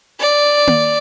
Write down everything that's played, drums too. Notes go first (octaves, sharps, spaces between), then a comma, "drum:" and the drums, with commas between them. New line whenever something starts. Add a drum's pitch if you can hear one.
D5
drum: tom A#3